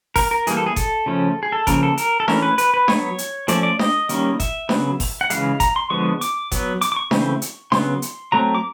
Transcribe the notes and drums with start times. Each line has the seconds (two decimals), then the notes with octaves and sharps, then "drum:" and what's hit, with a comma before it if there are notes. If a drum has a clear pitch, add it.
0.16 A#4, drum: kick G1, open hi-hat
0.31 A#4
0.47 E3 G3 A#3 G#4, drum: hi-hat
0.57 A4
0.66 G#4
0.76 A4, drum: kick G1, hi-hat
1.06 C#3 F3 A3 C#4
1.43 G#4
1.52 A4
1.67 C#3 F3 A#3 A#4, drum: kick G1, hi-hat
1.83 A4
1.97 A#4, drum: hi-hat
2.20 A4
2.28 E3 A3 C#4 A#4, drum: snare D4
2.42 B4
2.58 B4, drum: hi-hat
2.74 B4
2.88 F#3 B3 C#5, drum: snare D4
3.18 drum: hi-hat
3.48 F3 A3 C#4 D5, drum: hi-hat
3.63 D5
3.79 D#5, drum: snare D4
4.09 D#3 G3 A#3 C#4, drum: hi-hat
4.40 E5, drum: kick G1, hi-hat
4.69 C#3 F#3 B3, drum: snare D4
5.00 drum: kick G1, open hi-hat
5.21 F#5
5.30 C#3 E3 G#3 F5, drum: hi-hat
5.60 A#5, drum: kick G1, hi-hat
5.76 C6
5.90 D3 F3 G#3 B3 C#6
6.21 D6, drum: hi-hat
6.52 F#3 B3, drum: kick G1, hi-hat
6.81 D6, drum: hi-hat
6.92 D6
6.96 C#6
7.11 C#3 E3 A3 C4, drum: snare D4
7.42 drum: hi-hat
7.72 C#3 F#3 B3 C6, drum: snare D4
8.02 drum: hi-hat
8.32 F#3 A3 C4 A#5
8.55 D6